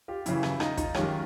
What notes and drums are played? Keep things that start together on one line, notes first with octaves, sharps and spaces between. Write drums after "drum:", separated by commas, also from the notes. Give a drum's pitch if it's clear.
F4 G4
F#2 C#3 E3 E4, drum: hi-hat
E4, drum: rim click
D#4 F4, drum: rim click
D#4 F4, drum: kick, hi-hat
F#2 D#3 G#3 C#4 F4 G4, drum: rim click